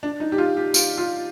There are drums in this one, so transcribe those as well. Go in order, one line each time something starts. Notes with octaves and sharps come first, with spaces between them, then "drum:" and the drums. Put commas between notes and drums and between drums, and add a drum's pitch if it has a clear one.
D4
D#4
G4
F4
G4
F4, drum: tambourine
F4